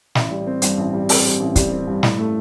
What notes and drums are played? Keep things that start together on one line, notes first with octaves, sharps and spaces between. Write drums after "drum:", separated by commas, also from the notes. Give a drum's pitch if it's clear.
A1, drum: snare
G3
C4
G2, drum: hi-hat
A1
G3
C4, drum: open hi-hat
G2
A1
G3, drum: kick, hi-hat
C4
G2
A2, drum: snare
A3